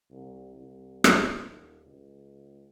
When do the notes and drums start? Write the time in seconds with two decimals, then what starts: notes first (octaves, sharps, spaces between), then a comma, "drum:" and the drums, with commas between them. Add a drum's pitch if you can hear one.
0.11 C2
0.56 C2
1.04 drum: rim click
1.27 D#1
1.86 C#2